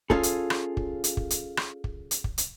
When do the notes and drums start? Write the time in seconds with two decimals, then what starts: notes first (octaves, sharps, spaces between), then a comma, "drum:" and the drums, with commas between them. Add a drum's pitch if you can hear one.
0.10 C#4 F4 G#4 A4, drum: kick
0.23 drum: hi-hat
0.50 drum: rim click
0.77 drum: kick
1.04 drum: hi-hat
1.17 drum: kick
1.30 drum: hi-hat
1.57 drum: rim click
1.84 drum: kick
2.11 drum: hi-hat
2.24 drum: kick
2.38 drum: hi-hat